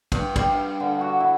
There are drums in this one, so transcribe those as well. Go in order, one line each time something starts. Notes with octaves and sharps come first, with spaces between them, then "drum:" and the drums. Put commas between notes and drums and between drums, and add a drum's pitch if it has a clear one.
G2, drum: kick, cymbal
G3, drum: kick, cymbal
F5
D3
F#4
E4